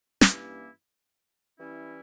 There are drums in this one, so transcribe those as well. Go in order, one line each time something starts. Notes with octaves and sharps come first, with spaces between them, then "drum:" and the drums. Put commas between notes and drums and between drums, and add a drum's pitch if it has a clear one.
G2 E3 A#3 C#4 E4, drum: snare
E3 G3 C#4 E4